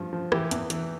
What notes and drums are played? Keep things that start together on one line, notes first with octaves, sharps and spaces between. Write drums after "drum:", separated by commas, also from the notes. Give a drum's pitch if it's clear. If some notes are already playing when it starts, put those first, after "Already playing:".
Already playing: G2 F3
F3
E3 G4, drum: rim click
E2, drum: hi-hat
E3, drum: hi-hat